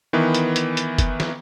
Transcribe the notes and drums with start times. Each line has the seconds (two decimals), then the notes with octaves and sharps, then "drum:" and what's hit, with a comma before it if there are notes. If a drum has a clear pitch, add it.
0.13 D#3 E3 B3
0.34 drum: hi-hat
0.56 drum: hi-hat
0.77 drum: hi-hat
0.98 drum: kick, hi-hat
1.20 drum: snare